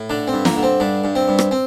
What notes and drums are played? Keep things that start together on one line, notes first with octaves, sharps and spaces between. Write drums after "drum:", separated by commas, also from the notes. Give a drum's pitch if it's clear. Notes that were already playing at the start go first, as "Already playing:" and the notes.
Already playing: A2
D3 D4
C4
G2
A#3, drum: snare
D3
C4
G2 D4
G2
C4
G2
drum: rim click
C4